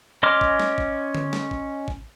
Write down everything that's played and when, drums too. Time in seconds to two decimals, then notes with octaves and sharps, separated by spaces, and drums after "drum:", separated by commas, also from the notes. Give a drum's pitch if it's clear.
0.23 C#4 D#5 C6 D6 F6
0.41 drum: kick G#1
0.60 drum: snare
0.78 drum: kick G#1
1.15 drum: tom D3
1.33 drum: snare
1.51 drum: kick G#1
1.88 drum: kick G#1